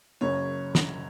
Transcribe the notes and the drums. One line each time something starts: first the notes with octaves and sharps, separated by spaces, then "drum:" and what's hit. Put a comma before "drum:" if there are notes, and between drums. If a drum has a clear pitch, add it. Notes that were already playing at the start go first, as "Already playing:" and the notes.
F#1 F#2 C#3 C#5
drum: snare